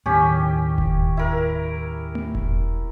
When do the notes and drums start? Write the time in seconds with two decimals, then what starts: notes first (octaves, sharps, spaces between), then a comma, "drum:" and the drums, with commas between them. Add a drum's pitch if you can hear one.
0.06 D#2 A2 C#4 G4
0.78 drum: kick E1
1.17 E4 A#4
2.15 drum: tom A3
2.35 drum: kick E1